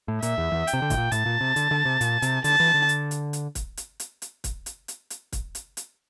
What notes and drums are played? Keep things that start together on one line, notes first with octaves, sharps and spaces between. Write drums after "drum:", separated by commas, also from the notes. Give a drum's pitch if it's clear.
A2
A#2 E5, drum: hi-hat
E2
E2
G5, drum: hi-hat
C3
D3
A2, drum: kick, hi-hat
A#2
A2 A5, drum: hi-hat
A#2
C3
D3, drum: hi-hat
D3
C3
A#2, drum: hi-hat
C3, drum: hi-hat
D3 A5, drum: hi-hat
E3
D3
drum: hi-hat
drum: hi-hat
drum: hi-hat
drum: kick, hi-hat
drum: hi-hat
drum: hi-hat
drum: hi-hat
drum: kick, hi-hat
drum: hi-hat
drum: hi-hat
drum: hi-hat
drum: kick, hi-hat
drum: hi-hat
drum: hi-hat